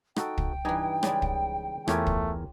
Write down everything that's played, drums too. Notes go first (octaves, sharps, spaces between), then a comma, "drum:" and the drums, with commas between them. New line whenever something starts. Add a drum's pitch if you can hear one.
D#4 F#4 A4 G5, drum: rim click
drum: kick
G2 E3 D#4 D#5 G#5
C#3 G3 G#3, drum: rim click
drum: kick
E2 A3 F4 G4 A#4 C#5 G#5, drum: rim click
drum: kick